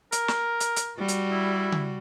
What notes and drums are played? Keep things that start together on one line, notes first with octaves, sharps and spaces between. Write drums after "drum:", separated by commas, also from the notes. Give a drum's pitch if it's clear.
A#4, drum: hi-hat
drum: snare
drum: hi-hat
drum: hi-hat
G3 F#4
drum: hi-hat
E4
drum: tom C#3